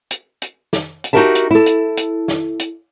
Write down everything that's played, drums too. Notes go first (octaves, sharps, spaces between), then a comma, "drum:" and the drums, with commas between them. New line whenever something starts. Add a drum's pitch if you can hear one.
drum: hi-hat
drum: hi-hat
drum: snare
drum: hi-hat
D#4 F#4 G4 A#4 E5 A5
drum: hi-hat
E4 A4
drum: hi-hat
drum: hi-hat
drum: snare
drum: hi-hat